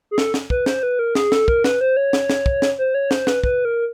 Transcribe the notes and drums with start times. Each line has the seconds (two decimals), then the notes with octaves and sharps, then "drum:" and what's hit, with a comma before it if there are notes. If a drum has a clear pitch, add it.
0.11 G#4
0.18 A4, drum: snare
0.34 drum: snare
0.50 B4, drum: kick
0.66 C5, drum: snare
0.83 B4
0.99 A#4
1.15 G#4, drum: snare
1.32 A4, drum: snare
1.48 A#4, drum: kick
1.64 B4, drum: snare
1.81 C5
1.97 C#5
2.13 drum: snare
2.30 drum: snare
2.46 drum: kick
2.62 drum: snare
2.78 C5
2.94 C#5
3.11 C5, drum: snare
3.27 B4, drum: snare
3.44 B4, drum: kick
3.65 A#4